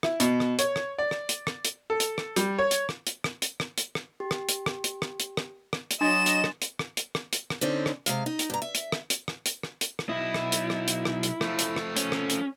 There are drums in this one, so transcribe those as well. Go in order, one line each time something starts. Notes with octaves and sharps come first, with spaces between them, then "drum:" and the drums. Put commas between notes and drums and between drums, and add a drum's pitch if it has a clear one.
E4, drum: rim click
B2, drum: hi-hat
drum: rim click
C#5, drum: hi-hat
drum: rim click
D5
drum: rim click
drum: hi-hat
drum: rim click
drum: hi-hat
A4
drum: hi-hat
drum: rim click
G3, drum: hi-hat
C#5
drum: hi-hat
drum: rim click
drum: hi-hat
drum: rim click
drum: hi-hat
drum: rim click
drum: hi-hat
drum: rim click
G4
drum: rim click
drum: hi-hat
drum: rim click
drum: hi-hat
drum: rim click
drum: hi-hat
drum: rim click
drum: rim click
drum: hi-hat
F#3 D4 D#5 G#5 C6 A6 E7
drum: hi-hat
drum: rim click
drum: hi-hat
drum: rim click
drum: hi-hat
drum: rim click
drum: hi-hat
drum: rim click
D3 C4 C#4 D#4
drum: rim click
C3 G#3 F5, drum: hi-hat
D#4
drum: hi-hat
G2 A#5
E5
drum: hi-hat
drum: rim click
drum: hi-hat
drum: rim click
drum: hi-hat
drum: rim click
drum: hi-hat
drum: rim click
B1 E4 D#5
drum: rim click
drum: hi-hat
drum: rim click
drum: hi-hat
drum: rim click
drum: hi-hat
F3 A3, drum: rim click
drum: hi-hat
drum: rim click
C#4, drum: hi-hat
drum: rim click
drum: hi-hat